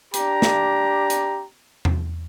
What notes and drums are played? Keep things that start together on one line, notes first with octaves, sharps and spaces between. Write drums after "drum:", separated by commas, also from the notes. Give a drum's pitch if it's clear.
D4 G4 A#5, drum: hi-hat
drum: snare
drum: hi-hat
drum: tom E2